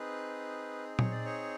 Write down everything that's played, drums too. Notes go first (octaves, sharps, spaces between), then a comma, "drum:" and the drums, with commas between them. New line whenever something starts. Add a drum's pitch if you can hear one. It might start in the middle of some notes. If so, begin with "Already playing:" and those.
Already playing: C4 D#4 G#4 B4
C#5, drum: tom A#2
D5
C#5